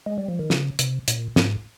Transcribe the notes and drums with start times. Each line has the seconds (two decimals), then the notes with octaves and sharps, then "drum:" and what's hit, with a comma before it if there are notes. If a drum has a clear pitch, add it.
0.06 G#3
0.18 G3
0.28 F3
0.39 D#3
0.50 C#3, drum: snare
0.79 C3, drum: hi-hat
1.08 A#2, drum: hi-hat
1.36 G#2, drum: snare